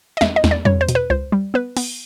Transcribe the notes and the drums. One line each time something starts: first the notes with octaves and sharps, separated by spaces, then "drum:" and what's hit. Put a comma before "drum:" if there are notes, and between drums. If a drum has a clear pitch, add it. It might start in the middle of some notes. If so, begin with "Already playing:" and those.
D#5
E2 E5, drum: snare
D#5
E2, drum: snare
D5
G3 C#5, drum: tom
C5
B2, drum: hi-hat
B4
C#2 C5
G3
B3 B4
B3, drum: open hi-hat